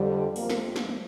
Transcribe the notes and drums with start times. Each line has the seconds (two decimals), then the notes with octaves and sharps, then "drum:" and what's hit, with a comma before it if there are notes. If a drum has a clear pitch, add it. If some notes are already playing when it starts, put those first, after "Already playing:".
Already playing: F2 D3 G3
0.36 F2 F3 A#3 A#4, drum: open hi-hat
0.50 drum: snare
0.76 drum: snare
0.89 drum: tom